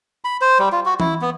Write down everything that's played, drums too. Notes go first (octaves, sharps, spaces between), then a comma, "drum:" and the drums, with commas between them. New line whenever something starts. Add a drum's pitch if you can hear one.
B5
C5
G3
F4
F#4
E4, drum: tom E3
B3